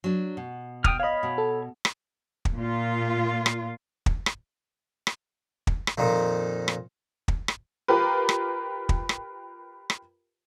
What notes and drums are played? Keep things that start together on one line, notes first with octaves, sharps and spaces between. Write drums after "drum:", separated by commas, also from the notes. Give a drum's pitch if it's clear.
F#3 D4
B2
G5 D#6 F6, drum: kick
C#5 D#5 F5 B5
B2
A4
drum: rim click
drum: kick
A#2 F4
drum: rim click
drum: kick
drum: rim click
drum: rim click
drum: kick
drum: rim click
F2 A#2 D#3
drum: rim click
drum: kick
drum: rim click
F4 G4 A#4 B4
drum: rim click
drum: kick
drum: rim click
drum: rim click